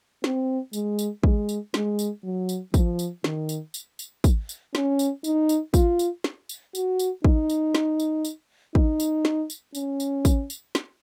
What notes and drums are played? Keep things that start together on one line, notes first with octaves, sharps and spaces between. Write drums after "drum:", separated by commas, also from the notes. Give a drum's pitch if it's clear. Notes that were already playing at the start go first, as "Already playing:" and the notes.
C4, drum: snare
G#3, drum: tambourine
drum: tambourine
G#3, drum: kick
drum: tambourine
G#3, drum: snare
drum: tambourine
F#3
drum: tambourine
F3, drum: kick, tambourine
drum: tambourine
D#3, drum: snare
drum: tambourine
drum: tambourine
drum: tambourine
drum: kick, tambourine
drum: tambourine
C#4, drum: snare
drum: tambourine
D#4, drum: tambourine
drum: tambourine
F4, drum: kick, tambourine
drum: tambourine
drum: snare
drum: tambourine
F#4, drum: tambourine
drum: tambourine
D#4, drum: kick
drum: tambourine
drum: snare
drum: tambourine
drum: tambourine
D#4, drum: kick
drum: tambourine
drum: snare
drum: tambourine
C#4, drum: tambourine
drum: tambourine
drum: kick, tambourine
drum: tambourine
drum: snare